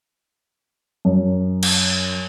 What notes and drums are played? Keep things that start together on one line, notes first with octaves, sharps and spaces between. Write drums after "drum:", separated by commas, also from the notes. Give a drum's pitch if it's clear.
F#2
drum: cymbal